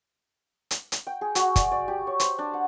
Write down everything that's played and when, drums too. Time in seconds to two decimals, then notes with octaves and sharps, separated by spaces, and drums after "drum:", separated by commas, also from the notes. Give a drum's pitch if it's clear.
0.71 drum: hi-hat
0.92 drum: hi-hat
1.07 G5
1.21 G#4
1.35 F#4, drum: hi-hat
1.56 D5, drum: kick, hi-hat
1.71 D5
1.88 G4
2.07 C#5
2.20 C5, drum: hi-hat
2.39 D4
2.54 F#5